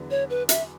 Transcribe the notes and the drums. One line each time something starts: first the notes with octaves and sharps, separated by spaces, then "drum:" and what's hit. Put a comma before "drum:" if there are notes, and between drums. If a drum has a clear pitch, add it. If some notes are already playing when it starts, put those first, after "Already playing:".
Already playing: E2 D3 F#3 B3 D4
C#5
B4
E5, drum: hi-hat